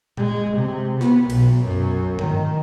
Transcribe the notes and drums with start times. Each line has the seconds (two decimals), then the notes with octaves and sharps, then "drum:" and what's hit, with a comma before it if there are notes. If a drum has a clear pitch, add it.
0.17 G#3, drum: tom A#2
0.56 C3
1.01 B3, drum: snare
1.30 B1, drum: cymbal
1.65 F#2
2.19 D#3, drum: tom G2